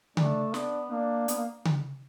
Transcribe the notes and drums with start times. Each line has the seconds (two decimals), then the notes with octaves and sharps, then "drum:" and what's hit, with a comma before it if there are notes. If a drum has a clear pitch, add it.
0.17 A3 D4, drum: tom C#3
0.54 B3 D4, drum: snare
0.91 A#3 D4
1.28 B3, drum: hi-hat
1.37 A#3
1.65 drum: tom C#3